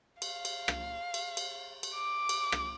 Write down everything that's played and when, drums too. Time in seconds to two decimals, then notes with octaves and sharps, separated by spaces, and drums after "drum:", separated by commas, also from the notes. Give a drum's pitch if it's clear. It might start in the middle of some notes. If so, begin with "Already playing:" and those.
0.22 F5, drum: cymbal
0.45 drum: cymbal
0.68 drum: rim click
1.14 drum: cymbal
1.37 drum: cymbal
1.83 drum: cymbal
1.94 D6
2.29 drum: cymbal
2.52 drum: rim click